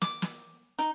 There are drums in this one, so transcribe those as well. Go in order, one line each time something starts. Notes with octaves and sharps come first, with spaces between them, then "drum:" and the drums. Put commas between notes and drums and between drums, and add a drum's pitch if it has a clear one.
D6, drum: snare
drum: snare
D#4, drum: hi-hat